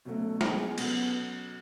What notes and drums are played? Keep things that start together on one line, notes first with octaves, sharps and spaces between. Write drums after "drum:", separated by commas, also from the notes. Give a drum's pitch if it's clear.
B2 F#3 A3 B3 C#4 F#4 A4
G#3, drum: snare
B2 F#3 B3 C#4 F#4 A4, drum: cymbal